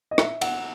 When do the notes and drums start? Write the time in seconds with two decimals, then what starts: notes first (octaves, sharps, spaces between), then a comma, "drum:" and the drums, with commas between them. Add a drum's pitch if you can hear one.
0.11 D#5
0.18 E5, drum: rim click
0.41 F#5, drum: cymbal